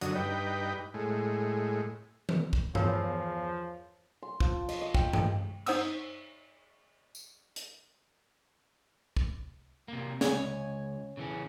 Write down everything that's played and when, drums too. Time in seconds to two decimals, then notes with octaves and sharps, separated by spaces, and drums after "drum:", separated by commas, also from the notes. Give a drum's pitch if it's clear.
0.01 F#2 D3 F#3 D#5, drum: hi-hat
0.15 G2 D#4 B4 G5
0.94 A2 G#3
2.29 drum: tom D#3
2.53 drum: kick
2.75 E2 F3 F4 A#4 C#5 F5, drum: tom G2
4.23 C6
4.40 F3, drum: kick
4.68 D#5, drum: cymbal
4.82 D#5
4.95 G5, drum: kick
5.13 G5, drum: tom G2
5.66 D#4 C5 F#5 D#6 E6, drum: cymbal
7.15 drum: tambourine
7.56 drum: hi-hat
9.17 drum: kick
9.88 C3 A#3
10.21 C#2 C#5 G#5, drum: snare
11.17 C#3 E3 C#4